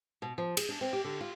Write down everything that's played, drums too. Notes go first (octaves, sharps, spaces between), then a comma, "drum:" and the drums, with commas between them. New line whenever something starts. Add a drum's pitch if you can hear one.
B2
F3
G#4, drum: cymbal
D4
C4
G4
D3
F4